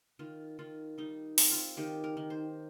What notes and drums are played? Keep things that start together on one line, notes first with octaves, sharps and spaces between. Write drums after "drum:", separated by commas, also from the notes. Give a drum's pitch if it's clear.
D#3 F4
D#3 F4
G3 D#4
C4, drum: open hi-hat
F4
D#3 G4
A#4
D#3
C5